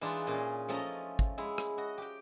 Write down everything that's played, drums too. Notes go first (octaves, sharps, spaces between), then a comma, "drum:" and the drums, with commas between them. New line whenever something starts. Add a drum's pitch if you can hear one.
E3 G#3 D4 D#4 F4
A#2 C#4 G#4 D#5 F5
F3 A3 C#4 D#5 A#5
drum: kick
G#3 E4
drum: rim click
F#4 D#5
G4 G5